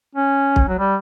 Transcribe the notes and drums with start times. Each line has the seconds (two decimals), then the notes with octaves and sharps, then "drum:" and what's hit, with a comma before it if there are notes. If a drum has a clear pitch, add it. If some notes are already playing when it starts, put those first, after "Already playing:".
0.15 C#4
0.56 drum: kick
0.68 F#3
0.79 G3